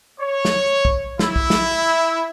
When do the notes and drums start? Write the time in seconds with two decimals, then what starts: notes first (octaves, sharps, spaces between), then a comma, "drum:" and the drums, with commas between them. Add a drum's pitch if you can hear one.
0.20 C#5
0.45 drum: snare
0.85 drum: kick
1.19 E4, drum: snare
1.36 drum: kick
1.50 drum: snare